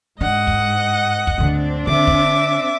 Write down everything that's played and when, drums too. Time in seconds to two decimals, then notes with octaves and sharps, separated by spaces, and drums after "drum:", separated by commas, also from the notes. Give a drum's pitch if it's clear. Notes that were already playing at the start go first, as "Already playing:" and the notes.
0.21 G#2 D4 D#5 F#5
0.47 drum: kick
1.27 drum: kick
1.38 D2 D3 C4 D4
1.87 D3 E5 D6
2.07 drum: kick